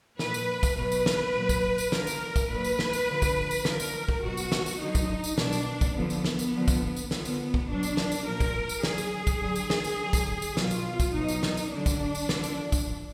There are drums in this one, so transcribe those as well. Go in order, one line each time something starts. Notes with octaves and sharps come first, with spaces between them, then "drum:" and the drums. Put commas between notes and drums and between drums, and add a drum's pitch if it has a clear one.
A#2 F3 B4, drum: snare
drum: tambourine
drum: kick, tambourine
B2 F#3 B4
drum: tambourine
drum: snare
A#2 F#3
drum: kick, tambourine
drum: tambourine
D3 F3 A#4, drum: snare
drum: tambourine
drum: kick, tambourine
A#2 F#3 B4
drum: tambourine
drum: snare
drum: tambourine
D3 F3
drum: kick, tambourine
drum: tambourine
D3 F3 A#4, drum: snare
drum: tambourine
drum: kick
B2 F#3 F#4
drum: tambourine
drum: snare
drum: tambourine
D3 F#3 D#4
drum: kick, tambourine
drum: tambourine
B2 F#3 D4, drum: snare
drum: tambourine
drum: kick, tambourine
D3 F3 B3
drum: tambourine
drum: snare
drum: tambourine
D3 F3
drum: kick, tambourine
drum: tambourine
D3 F3 B3, drum: snare
drum: tambourine
drum: kick
B2 F#3 D4
drum: tambourine
drum: snare
drum: tambourine
A#2 F3 A#4
drum: kick, tambourine
drum: tambourine
D3 F#3 G#4, drum: snare
drum: tambourine
drum: kick, tambourine
D3 F#3
drum: tambourine
drum: snare
drum: tambourine
D3 F#3
drum: kick, tambourine
drum: tambourine
B2 F#3 F4, drum: snare
drum: tambourine
drum: kick, tambourine
B2 F#3 D#4
drum: tambourine
drum: snare
drum: tambourine
D3 F#3 D4
drum: kick, tambourine
drum: tambourine
D3 F3, drum: snare
drum: tambourine
drum: kick, tambourine